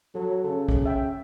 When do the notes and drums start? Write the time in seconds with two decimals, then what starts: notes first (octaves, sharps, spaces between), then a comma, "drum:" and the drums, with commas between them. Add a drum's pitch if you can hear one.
0.15 F#3 A4
0.44 C#3 A4
0.69 drum: kick
0.86 E5 G5